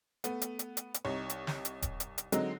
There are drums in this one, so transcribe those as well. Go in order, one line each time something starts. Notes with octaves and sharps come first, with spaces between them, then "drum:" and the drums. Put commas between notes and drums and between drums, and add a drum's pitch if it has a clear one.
A3 B3, drum: hi-hat
drum: hi-hat
drum: hi-hat
drum: hi-hat
drum: hi-hat
C2 D#4 C#5
drum: hi-hat
drum: snare
drum: hi-hat
drum: kick D#1, hi-hat
drum: hi-hat
drum: hi-hat
D3 F#3 G#3 C4 D#4, drum: hi-hat